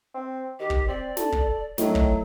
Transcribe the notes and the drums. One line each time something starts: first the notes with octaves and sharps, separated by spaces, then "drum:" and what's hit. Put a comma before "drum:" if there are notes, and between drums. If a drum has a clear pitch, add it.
C4
D#3 G4
drum: kick
C4 D5
A4, drum: snare
drum: kick
A2 D#3 F#3, drum: snare
drum: kick